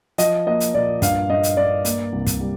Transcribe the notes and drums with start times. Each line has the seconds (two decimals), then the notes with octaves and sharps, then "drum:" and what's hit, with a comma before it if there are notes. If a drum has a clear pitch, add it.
0.18 F3 D#5, drum: hi-hat
0.47 A#3 D#5
0.60 drum: hi-hat
0.74 A#2 D5
1.02 G2 F5, drum: kick, hi-hat
1.30 G2 D#5
1.43 drum: hi-hat
1.57 G2 D5
1.85 A#3, drum: hi-hat
2.12 C2
2.27 drum: kick, hi-hat
2.41 G3